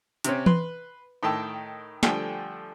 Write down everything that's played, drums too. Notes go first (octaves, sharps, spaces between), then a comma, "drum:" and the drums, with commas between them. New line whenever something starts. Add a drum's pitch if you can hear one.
C3 C4 C#4, drum: hi-hat
B4 C6, drum: tom E3
A2 D#3 G5 A5 E6
D3 F3 G3 A3 G5 G#5, drum: snare